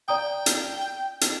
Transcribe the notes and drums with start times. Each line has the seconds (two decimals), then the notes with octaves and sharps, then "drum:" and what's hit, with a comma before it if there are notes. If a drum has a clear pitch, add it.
0.08 D5 G5 A#5 D#6
0.46 drum: hi-hat
1.21 drum: hi-hat